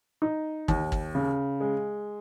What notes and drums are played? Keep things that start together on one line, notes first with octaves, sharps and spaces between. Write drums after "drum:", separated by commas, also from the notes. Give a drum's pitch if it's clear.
D#4
D#2, drum: kick G#1
drum: kick G#1
C#3
G#3